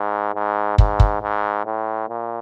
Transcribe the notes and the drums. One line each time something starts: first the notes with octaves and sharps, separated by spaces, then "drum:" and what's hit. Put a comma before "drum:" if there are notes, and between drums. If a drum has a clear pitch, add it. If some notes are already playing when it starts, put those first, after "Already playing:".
Already playing: G#2
G#2
G#2, drum: kick
drum: kick
G#2
A2
A#2